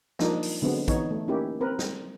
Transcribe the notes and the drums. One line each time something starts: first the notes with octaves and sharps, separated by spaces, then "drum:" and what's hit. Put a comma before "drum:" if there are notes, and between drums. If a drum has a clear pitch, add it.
F3 A#3 D4 D#4, drum: snare
drum: open hi-hat
D3 F#3 G#3 B3 C4
E3 B3 D#4 C#5, drum: kick, hi-hat
A3
A#3 C#4 D#4 E4 G4
C4 A#4 B4
drum: snare